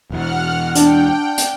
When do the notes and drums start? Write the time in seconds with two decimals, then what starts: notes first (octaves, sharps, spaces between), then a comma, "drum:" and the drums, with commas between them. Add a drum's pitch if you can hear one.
0.10 E1 E3 F#5 F6
0.75 D4 G5, drum: hi-hat
1.38 drum: hi-hat